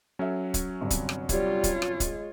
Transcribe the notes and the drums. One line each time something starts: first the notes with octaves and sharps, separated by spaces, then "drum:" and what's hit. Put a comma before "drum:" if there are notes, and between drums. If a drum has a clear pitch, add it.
F#3 C#4 A4 E5
drum: kick, hi-hat
G1 G2 C3
drum: kick, hi-hat
drum: rim click
G3 F4 C#5, drum: kick, hi-hat
drum: kick, hi-hat
drum: rim click
G#3, drum: kick, hi-hat